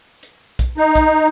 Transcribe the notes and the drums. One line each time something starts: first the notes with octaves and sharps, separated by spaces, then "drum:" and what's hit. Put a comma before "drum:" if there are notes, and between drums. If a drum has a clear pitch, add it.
drum: hi-hat
drum: kick B1, hi-hat
D#4
drum: kick B1, hi-hat